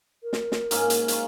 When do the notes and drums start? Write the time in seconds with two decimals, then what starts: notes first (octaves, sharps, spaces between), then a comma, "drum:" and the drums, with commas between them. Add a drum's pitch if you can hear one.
0.23 A#4
0.33 drum: snare
0.52 drum: snare
0.71 G#2 A#3 C#4, drum: hi-hat
0.90 drum: hi-hat
1.08 F5 C#6, drum: hi-hat